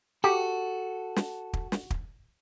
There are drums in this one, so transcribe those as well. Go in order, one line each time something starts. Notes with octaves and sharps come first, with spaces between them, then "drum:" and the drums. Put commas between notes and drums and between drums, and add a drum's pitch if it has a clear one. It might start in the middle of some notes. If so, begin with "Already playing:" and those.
F#4 G4 A4
drum: snare
drum: kick
drum: snare
drum: kick